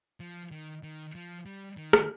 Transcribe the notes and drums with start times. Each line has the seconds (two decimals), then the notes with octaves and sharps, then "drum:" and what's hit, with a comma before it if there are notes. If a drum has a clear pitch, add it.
0.20 F3
0.51 D#3
0.83 D#3
1.15 F3
1.46 G3
1.77 D#3
1.93 drum: rim click